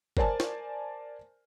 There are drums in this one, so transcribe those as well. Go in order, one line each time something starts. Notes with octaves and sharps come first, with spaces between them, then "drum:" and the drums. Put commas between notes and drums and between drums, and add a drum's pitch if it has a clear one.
A#4 C5 D5 G#5 A5, drum: kick
drum: snare